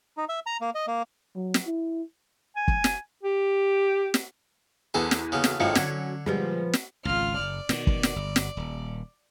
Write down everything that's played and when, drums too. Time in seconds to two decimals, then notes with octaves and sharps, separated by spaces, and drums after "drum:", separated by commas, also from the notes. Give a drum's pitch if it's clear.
0.17 D#4
0.29 E5
0.46 A#5
0.61 A#3
0.75 D#5
0.88 A#3
1.35 F#3
1.54 drum: snare
1.67 E4
2.56 G#5
2.68 drum: kick
2.84 drum: snare
3.23 G4
4.14 drum: snare
4.94 E2 B3 G#4 A4 B4 C5
5.11 drum: snare
5.32 C#3 A#3 B3 F#4 A4
5.44 drum: snare
5.60 G#1 A2 F3 G#3 F4 C#7
5.75 D3 F#3 C#4 F#4 G#6, drum: snare
6.26 A#2 F3 G3 G#3 B3
6.73 drum: snare
7.05 G#1 C#2 F4 F6
7.38 F#1 D5
7.69 B2 D3 D#3, drum: snare
7.87 drum: kick
8.03 drum: snare
8.16 G1
8.36 drum: snare
8.57 D#1